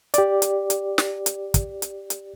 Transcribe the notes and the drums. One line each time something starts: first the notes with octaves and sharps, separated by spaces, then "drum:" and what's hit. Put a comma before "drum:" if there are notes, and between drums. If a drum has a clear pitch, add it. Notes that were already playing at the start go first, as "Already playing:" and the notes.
G4 D5, drum: hi-hat
drum: hi-hat
drum: hi-hat
drum: snare
drum: hi-hat
drum: kick, hi-hat
drum: hi-hat
drum: hi-hat